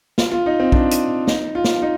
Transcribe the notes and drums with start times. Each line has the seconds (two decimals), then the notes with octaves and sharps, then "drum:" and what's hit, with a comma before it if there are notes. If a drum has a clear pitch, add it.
0.18 F4, drum: snare
0.32 F4
0.46 D#4
0.60 C4
0.72 D4, drum: kick
0.91 drum: hi-hat
1.27 D#4, drum: snare
1.55 F4
1.64 drum: snare
1.82 D#4